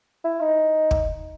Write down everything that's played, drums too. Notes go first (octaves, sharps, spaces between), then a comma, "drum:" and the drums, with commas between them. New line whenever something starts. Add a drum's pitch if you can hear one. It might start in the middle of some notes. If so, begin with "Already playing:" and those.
E4
D#4
drum: kick